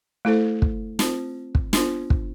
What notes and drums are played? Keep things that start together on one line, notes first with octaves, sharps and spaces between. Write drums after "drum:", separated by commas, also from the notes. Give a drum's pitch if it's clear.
A3 E4 A4 C5
drum: kick
C4 F4 C5, drum: snare
drum: kick
B3 D4 F4 C5, drum: snare
drum: kick